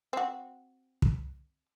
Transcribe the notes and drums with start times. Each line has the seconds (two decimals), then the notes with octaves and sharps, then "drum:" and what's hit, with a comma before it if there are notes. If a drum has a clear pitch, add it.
0.13 C4 F#4
1.02 drum: kick